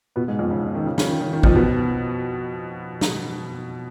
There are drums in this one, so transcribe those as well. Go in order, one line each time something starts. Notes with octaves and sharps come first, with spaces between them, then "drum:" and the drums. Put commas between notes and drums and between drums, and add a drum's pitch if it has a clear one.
B2 B3
G#2 G#3
F2 F3
C#3
C#3
D#3
C#3
C#3, drum: snare
D#3
C#3
D#3
F2 F3, drum: kick
B2 B3
drum: snare